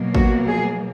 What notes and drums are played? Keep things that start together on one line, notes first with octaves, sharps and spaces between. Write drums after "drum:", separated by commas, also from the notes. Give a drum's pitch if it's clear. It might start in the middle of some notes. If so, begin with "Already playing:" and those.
Already playing: B2 F#3 A#3
F#4, drum: kick G#1
G#4